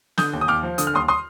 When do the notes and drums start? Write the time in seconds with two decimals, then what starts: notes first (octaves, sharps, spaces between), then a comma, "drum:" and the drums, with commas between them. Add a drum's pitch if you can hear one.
0.18 D3 D#6 G6, drum: snare
0.33 D#2
0.41 D#6
0.48 D#2 D6 F6
0.63 F3
0.78 D3 D#6, drum: hi-hat
0.87 F6
0.94 D#2 C6 D#6
1.08 C6 D#6